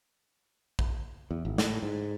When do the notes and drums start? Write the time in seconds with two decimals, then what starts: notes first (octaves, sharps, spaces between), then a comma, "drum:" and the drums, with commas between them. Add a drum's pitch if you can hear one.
0.79 drum: kick
1.31 E2
1.45 G#1
1.58 A2, drum: snare
1.83 G#2